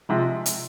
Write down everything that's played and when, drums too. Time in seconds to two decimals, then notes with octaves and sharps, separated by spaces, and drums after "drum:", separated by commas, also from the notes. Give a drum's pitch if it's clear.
0.09 C3 F3 G#3
0.46 drum: hi-hat